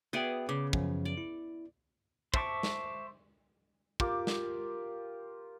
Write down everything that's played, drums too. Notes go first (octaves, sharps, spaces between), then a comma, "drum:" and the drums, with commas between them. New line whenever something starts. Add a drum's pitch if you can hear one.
B3 F#4 G#4 D5 E5 G5
C#3 D6
F#2 F3, drum: kick
D5
E4
C5 E5 A5 C#6 D6, drum: kick
drum: snare
F4 G4 A#4 D6, drum: kick
drum: snare